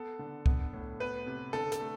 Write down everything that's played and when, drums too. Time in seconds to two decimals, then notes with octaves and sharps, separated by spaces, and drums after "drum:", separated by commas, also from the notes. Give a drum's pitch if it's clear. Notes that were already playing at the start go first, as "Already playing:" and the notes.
Already playing: B3 A4
0.19 D3
0.46 B3, drum: kick C2
0.73 A2
1.00 B3 B4
1.26 C3
1.53 D3 A4
1.72 A4, drum: hi-hat
1.81 A3